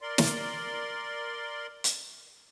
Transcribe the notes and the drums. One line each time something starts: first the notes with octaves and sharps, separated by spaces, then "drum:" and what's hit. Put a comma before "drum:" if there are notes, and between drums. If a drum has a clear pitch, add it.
A#4 D5 C6
drum: snare
drum: hi-hat